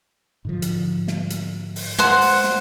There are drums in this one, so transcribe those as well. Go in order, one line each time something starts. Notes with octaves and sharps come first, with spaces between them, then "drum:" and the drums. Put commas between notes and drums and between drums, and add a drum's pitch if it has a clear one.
G#2 D3 F3
drum: hi-hat
drum: snare
drum: hi-hat
drum: open hi-hat
G#3 C5 F#5 C6, drum: hi-hat
drum: open hi-hat
drum: snare